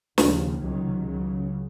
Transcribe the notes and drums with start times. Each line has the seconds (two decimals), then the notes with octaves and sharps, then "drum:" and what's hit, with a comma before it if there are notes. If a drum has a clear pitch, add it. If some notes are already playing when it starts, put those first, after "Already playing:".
0.18 D#2 C#3 F3, drum: snare
0.60 C#2 C3 D#3 F#3
1.03 C#2 C#3 F#3